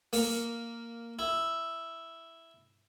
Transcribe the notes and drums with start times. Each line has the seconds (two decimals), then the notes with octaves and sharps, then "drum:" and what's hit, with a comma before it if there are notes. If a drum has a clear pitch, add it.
0.13 A#3, drum: open hi-hat
1.19 E4